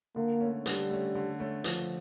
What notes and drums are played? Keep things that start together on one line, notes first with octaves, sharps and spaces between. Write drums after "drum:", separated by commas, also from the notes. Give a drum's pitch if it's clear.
D3 A#3
A3 C#4
D3 G3, drum: hi-hat
A3 C#4
D3
A3 C#4
D3 F3, drum: hi-hat